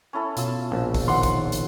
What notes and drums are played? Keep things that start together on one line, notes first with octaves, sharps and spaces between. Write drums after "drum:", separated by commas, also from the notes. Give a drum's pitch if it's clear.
C#4 E4 A4
B2 F4 E6, drum: hi-hat
A#1
drum: kick, open hi-hat
D#3 F#5 C6
drum: kick, hi-hat
drum: hi-hat